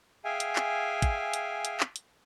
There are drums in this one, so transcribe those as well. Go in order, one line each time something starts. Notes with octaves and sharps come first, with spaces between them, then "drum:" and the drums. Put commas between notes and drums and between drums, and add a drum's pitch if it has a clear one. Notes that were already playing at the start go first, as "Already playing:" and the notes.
G#4 E5 F5 G5 G#5
drum: hi-hat
drum: clap
drum: kick, hi-hat
drum: hi-hat
drum: hi-hat
drum: clap
drum: hi-hat